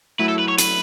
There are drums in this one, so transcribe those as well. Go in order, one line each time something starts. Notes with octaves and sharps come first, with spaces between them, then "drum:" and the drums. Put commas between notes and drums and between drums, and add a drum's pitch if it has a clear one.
F#3 A3 E4 B4
A4
B4
C#5
B4, drum: hi-hat